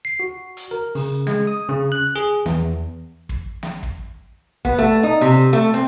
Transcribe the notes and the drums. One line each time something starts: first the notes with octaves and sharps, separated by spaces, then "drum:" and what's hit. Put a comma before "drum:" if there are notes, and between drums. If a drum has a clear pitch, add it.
C7
F#4
drum: hi-hat
A#4
C#3, drum: open hi-hat
G#3, drum: snare
D#6
C#3
F#6
G#4
E2, drum: snare
drum: kick
drum: snare
drum: kick
B3, drum: kick
A3
D#4
C3, drum: open hi-hat
A3
C4